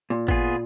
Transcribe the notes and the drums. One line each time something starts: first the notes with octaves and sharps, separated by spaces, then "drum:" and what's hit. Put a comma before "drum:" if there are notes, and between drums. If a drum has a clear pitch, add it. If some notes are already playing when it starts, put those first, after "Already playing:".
A#2
B3 F4 G#4, drum: kick G#1